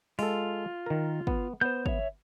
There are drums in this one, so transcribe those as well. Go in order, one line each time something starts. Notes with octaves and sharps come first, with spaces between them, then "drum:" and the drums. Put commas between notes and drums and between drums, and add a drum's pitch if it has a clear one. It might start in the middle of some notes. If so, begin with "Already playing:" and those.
G#3 F4 A4, drum: open hi-hat
D#3 A#4
B3, drum: kick
B3 C5 G6
C#5 E5, drum: kick